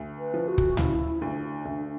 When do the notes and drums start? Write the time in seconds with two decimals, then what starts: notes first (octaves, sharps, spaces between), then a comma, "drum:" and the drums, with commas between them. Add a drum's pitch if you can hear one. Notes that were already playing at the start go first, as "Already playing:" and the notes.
Already playing: D2
0.18 B4
0.34 F3
0.48 F#4
0.58 drum: kick
0.77 C#3 E4, drum: tom C#2
1.21 D2 D4
1.65 D2